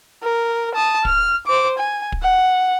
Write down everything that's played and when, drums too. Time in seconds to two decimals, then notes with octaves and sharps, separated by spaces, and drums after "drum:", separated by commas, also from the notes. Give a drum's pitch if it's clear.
0.23 A#4
0.75 A5 D#6
1.05 F6, drum: kick
1.47 C5 D6
1.78 G#5
2.12 drum: kick
2.22 F#5